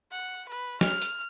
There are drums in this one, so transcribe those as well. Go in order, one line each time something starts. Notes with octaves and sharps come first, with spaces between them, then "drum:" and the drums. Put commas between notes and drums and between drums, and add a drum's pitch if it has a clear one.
F#5
B4
F6, drum: snare
drum: hi-hat